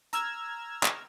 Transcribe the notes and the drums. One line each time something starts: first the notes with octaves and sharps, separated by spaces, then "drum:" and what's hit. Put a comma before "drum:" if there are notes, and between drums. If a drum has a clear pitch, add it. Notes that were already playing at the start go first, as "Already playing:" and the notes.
A#5 E6 F6 G#6, drum: hi-hat
drum: clap